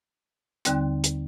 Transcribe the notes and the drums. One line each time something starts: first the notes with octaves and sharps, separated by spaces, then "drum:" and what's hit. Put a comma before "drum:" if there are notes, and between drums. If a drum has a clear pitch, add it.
D#2 D3 G3 C4, drum: hi-hat
drum: hi-hat